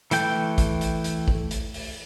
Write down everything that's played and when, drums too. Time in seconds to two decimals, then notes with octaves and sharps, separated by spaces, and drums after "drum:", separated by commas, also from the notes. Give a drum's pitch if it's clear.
0.11 E3 A3 G5 G6, drum: hi-hat
0.58 drum: kick, hi-hat
0.81 drum: hi-hat
1.04 drum: hi-hat
1.28 drum: kick
1.51 drum: hi-hat
1.74 drum: open hi-hat